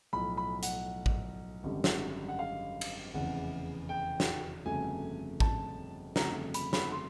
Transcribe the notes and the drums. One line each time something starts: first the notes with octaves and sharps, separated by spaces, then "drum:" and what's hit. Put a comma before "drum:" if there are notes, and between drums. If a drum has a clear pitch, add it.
B1 A2 F3 B5
B5
F#5, drum: hi-hat
drum: kick
G#1 F#2 D3 G3
drum: snare
F#5
F5
drum: cymbal
F1 E2 C#3 E3 F#5
G5
drum: snare
G1 F2 C#3 F#3 A3 G#5
A5, drum: kick
G1 F2 C#3 F#3 A3 A#5, drum: snare
B5, drum: hi-hat
B5, drum: snare
C6